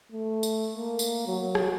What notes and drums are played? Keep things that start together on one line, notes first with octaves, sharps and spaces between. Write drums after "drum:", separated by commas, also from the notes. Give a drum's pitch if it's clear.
A3
drum: tambourine
A#3
drum: tambourine
F#3
drum: rim click